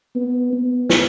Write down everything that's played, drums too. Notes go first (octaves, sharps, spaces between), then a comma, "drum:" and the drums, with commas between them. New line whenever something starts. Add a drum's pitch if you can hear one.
B3
B3
drum: snare